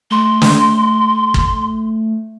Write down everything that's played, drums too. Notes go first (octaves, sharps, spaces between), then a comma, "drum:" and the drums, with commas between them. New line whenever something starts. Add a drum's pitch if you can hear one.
A3 C6
drum: snare
drum: kick